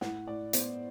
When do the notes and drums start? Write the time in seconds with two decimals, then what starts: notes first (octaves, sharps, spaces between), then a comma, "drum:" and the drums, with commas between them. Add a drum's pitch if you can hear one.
0.01 A2 F#5, drum: snare
0.27 A2 D5
0.53 B3 C5, drum: hi-hat